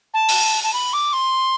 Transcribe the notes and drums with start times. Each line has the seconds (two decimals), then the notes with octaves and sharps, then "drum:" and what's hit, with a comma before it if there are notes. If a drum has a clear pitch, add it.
0.14 A5
0.29 drum: open hi-hat
0.63 A5
0.73 B5
0.93 D6
1.13 C6